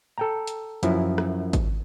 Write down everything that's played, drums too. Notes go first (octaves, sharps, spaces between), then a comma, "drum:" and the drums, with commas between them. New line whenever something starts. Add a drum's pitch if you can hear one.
A4 G5 A#5
drum: hi-hat
F#2 F3 E4, drum: hi-hat
drum: rim click
drum: kick G#1, hi-hat